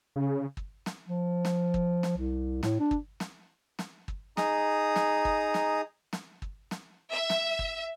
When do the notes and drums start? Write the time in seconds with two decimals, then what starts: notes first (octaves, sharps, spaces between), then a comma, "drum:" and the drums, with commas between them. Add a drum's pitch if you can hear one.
0.16 C#3
0.57 drum: kick
0.86 drum: snare
1.08 F3
1.45 drum: snare
1.74 drum: kick
2.03 drum: snare
2.17 C2
2.63 A2, drum: snare
2.80 D4
2.91 drum: kick
3.20 drum: snare
3.79 drum: snare
4.08 drum: kick
4.37 D#4 G#4 A#5 D#6, drum: snare
4.96 drum: snare
5.25 drum: kick
5.54 drum: snare
6.13 drum: snare
6.42 drum: kick
6.71 drum: snare
7.12 E5
7.30 drum: snare
7.59 drum: kick